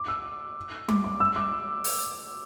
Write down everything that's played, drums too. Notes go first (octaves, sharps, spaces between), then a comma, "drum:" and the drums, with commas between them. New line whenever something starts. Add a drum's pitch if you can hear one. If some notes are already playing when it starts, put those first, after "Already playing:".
Already playing: D6
E6
D6, drum: tom G3
D6
E6
D6
drum: open hi-hat